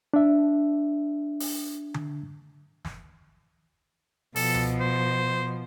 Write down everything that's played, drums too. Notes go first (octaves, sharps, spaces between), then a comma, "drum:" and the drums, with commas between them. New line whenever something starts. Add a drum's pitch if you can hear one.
D4 E5
drum: open hi-hat
drum: tom D3
drum: snare
B2 F3 A4, drum: open hi-hat
drum: tom C#2
C5